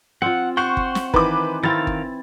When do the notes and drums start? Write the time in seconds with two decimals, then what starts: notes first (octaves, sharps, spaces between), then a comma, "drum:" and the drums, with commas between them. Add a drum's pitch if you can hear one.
0.22 C4 F4 F#5
0.57 C5 F#5 G5 C#6
0.77 drum: kick G1
0.95 drum: snare
1.14 D#3 E3 B4 D6, drum: kick G1
1.63 D#3 C4 E4 F5 A6
1.87 drum: kick G1